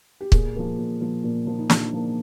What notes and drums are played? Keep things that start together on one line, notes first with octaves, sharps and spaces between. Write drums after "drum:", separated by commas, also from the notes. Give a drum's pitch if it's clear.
G4
A#2 G#4, drum: kick
F3 A#3
A#2
F3 A#3
A#2
F3 A#3
D#4
A#2 D4, drum: snare
F3 A#3